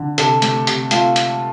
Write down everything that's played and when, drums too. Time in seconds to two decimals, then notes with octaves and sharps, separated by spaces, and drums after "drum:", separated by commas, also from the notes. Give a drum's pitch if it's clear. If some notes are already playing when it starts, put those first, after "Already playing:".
Already playing: D3
0.18 C3 A4, drum: hi-hat
0.42 A3, drum: hi-hat
0.67 C3, drum: hi-hat
0.91 A3 F4, drum: hi-hat
1.16 drum: hi-hat